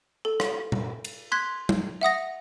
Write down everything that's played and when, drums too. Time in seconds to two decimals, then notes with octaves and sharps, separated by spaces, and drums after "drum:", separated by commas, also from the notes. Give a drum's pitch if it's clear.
0.25 A4
0.40 drum: rim click
0.72 drum: tom A#2
1.05 drum: cymbal
1.32 C6 F#6 G#6 B6
1.69 drum: tom F#3
2.01 E5 F#5 D#6 A#6